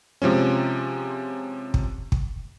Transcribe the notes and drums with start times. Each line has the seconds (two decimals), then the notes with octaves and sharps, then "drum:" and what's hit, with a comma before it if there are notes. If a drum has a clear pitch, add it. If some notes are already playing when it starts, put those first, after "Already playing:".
0.22 C3 F3 G#3 C#4
1.74 drum: kick
2.12 drum: kick